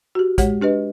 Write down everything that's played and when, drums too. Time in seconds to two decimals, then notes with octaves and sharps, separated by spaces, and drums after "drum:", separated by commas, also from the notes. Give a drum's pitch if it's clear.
0.15 F#4 G4
0.38 G#3 G4 C#5 F#5, drum: kick, hi-hat
0.61 D4 G4 B4 D#5